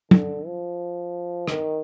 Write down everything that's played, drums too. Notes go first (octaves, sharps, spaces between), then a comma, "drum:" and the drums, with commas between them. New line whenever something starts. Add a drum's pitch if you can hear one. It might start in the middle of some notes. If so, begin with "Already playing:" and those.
D3, drum: tom
F3
D#3, drum: rim click